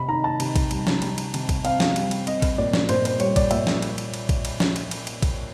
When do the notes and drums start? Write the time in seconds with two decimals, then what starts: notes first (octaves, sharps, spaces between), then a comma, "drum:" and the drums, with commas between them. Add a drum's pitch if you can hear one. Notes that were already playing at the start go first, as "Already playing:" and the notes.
Already playing: C3 B5
0.09 D#3 A#5
0.24 A5
0.40 C3, drum: cymbal
0.56 drum: kick A#1, cymbal
0.71 G3, drum: cymbal
0.87 drum: snare
1.02 G3, drum: cymbal
1.18 drum: cymbal
1.34 C3, drum: cymbal
1.49 drum: kick A#1, cymbal
1.65 C4 F5, drum: cymbal
1.80 drum: snare
1.96 G3, drum: cymbal
2.11 drum: cymbal
2.27 C4 D#5, drum: cymbal
2.42 drum: kick A#1, cymbal
2.58 A#2 D5
2.73 drum: snare
2.89 A#2 C5, drum: cymbal
3.05 C5, drum: cymbal
3.20 G3 C#5, drum: cymbal
3.36 D5, drum: kick A#1, cymbal
3.51 A#2 E5, drum: cymbal
3.67 drum: snare
3.82 drum: cymbal
3.98 drum: cymbal
4.14 drum: cymbal
4.29 drum: kick A#1, cymbal
4.45 drum: cymbal
4.60 drum: snare
4.76 drum: cymbal
4.91 drum: cymbal
5.07 drum: cymbal
5.23 drum: kick A#1, cymbal